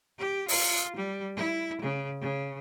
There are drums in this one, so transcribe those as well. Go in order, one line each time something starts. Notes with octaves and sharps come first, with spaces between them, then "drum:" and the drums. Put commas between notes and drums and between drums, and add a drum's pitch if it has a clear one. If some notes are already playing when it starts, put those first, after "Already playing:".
G4
F4, drum: open hi-hat
G3
E4
C#3
C#3